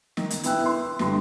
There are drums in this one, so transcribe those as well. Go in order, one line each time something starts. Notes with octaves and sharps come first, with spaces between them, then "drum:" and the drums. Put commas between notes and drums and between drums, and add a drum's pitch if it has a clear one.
D#3, drum: snare
drum: hi-hat
B3 E4 G5 E6 F#6, drum: hi-hat
B4 C6
G1 G3 C6, drum: snare